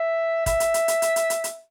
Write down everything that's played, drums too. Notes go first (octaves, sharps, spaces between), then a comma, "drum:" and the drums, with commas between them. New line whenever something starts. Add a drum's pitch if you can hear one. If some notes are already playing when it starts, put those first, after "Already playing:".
Already playing: E5
E5, drum: kick, hi-hat
drum: hi-hat
drum: hi-hat
drum: hi-hat
drum: hi-hat
drum: hi-hat
drum: hi-hat
drum: hi-hat